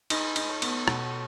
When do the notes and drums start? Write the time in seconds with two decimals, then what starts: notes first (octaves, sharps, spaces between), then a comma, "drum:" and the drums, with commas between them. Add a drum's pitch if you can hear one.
0.10 D#4 G#4 B4, drum: cymbal
0.36 D#4, drum: cymbal
0.49 A4 C#5
0.62 B3, drum: cymbal
0.88 B2, drum: rim click